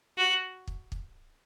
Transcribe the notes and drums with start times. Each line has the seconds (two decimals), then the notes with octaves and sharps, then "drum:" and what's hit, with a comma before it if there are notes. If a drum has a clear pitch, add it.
0.18 F#4
0.67 drum: kick
0.92 drum: kick